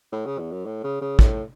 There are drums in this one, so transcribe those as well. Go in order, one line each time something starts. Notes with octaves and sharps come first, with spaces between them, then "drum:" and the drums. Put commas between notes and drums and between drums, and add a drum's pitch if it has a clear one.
A2
C#3
E2
F#2
A2
C#3
C#3
A2, drum: kick